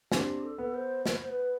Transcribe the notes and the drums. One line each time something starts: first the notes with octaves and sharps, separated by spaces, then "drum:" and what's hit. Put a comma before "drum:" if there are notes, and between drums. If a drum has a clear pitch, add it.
C4 D4 G4, drum: snare
A4
B3
C5
C5, drum: snare
C5
B4